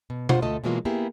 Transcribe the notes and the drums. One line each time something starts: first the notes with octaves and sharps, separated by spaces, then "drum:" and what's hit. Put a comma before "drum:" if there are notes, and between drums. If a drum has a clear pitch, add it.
B2
F4 C5 F#5, drum: tom B2
D2 A3 F4 A4 D#5
B2 E3 F#3 G#3 A#3 F4
A#3 B3 E4 G4 G#4